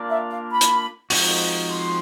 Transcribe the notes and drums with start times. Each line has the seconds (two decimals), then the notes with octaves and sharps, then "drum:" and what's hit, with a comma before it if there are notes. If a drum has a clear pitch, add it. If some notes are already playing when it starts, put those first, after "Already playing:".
Already playing: A#3 D4 F4 A#4 D5
0.09 E5
0.29 F5
0.50 B5
0.61 drum: hi-hat
1.10 F3 G#3 C4 D#4 F#4, drum: open hi-hat
1.71 C6